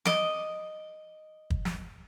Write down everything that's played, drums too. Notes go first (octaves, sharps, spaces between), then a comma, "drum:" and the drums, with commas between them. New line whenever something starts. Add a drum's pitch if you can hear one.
D#5 D6, drum: snare
drum: kick
drum: snare